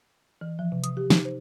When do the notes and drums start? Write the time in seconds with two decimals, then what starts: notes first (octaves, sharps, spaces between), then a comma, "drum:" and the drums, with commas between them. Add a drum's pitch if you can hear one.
0.41 E3
0.59 F3
0.72 C3
0.84 D#6, drum: hi-hat
0.97 G4
1.10 D#4, drum: snare
1.25 C5